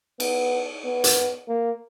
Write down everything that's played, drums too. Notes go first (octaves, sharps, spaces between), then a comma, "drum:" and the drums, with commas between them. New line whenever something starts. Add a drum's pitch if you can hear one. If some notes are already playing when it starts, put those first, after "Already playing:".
B3, drum: cymbal
B3
drum: hi-hat
A#3